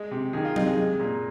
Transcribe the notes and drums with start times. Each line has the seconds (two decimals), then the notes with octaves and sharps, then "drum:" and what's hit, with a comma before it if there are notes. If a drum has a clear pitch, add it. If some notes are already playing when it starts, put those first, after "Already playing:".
Already playing: G#3
0.11 C3
0.33 D#3 G#4
0.45 F4
0.56 C3 D#4, drum: tom F#3
0.67 G#4
0.78 G#3
1.00 A#2